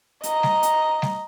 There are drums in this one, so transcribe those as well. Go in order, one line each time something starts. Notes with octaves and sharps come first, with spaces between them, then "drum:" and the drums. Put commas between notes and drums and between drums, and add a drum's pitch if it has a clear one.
D#5 A#5, drum: hi-hat
drum: snare G3
drum: hi-hat
drum: snare G3